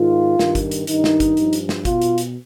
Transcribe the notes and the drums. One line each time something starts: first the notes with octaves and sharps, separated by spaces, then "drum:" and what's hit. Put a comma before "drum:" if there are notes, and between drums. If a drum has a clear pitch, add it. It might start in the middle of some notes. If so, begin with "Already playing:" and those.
Already playing: G#2 D#3 F4
G2 D#3, drum: snare
drum: kick, hi-hat
drum: hi-hat
G2 D#3 D#4, drum: hi-hat
drum: snare
drum: kick, hi-hat
G2 F3, drum: hi-hat
drum: hi-hat
drum: snare
B2 F4, drum: kick, hi-hat
drum: hi-hat
drum: hi-hat